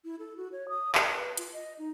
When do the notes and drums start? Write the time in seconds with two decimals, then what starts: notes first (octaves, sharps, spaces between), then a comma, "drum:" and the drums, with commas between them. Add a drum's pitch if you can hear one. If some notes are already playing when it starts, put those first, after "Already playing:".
0.04 E4
0.19 A4
0.37 F#4
0.52 C#5
0.69 D#6
0.95 A#4, drum: clap
1.13 B4
1.37 F4, drum: hi-hat
1.53 D#5
1.79 D#4